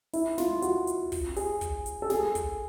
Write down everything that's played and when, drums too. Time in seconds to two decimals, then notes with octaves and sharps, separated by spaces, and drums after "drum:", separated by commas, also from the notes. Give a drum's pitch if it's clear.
0.13 E4, drum: open hi-hat
0.38 F4, drum: snare
0.62 F#4, drum: hi-hat
0.87 drum: hi-hat
1.12 drum: kick, open hi-hat
1.36 G#4, drum: open hi-hat
1.61 drum: kick, hi-hat
1.86 drum: hi-hat
2.02 A4
2.10 G#4, drum: snare
2.35 drum: kick, hi-hat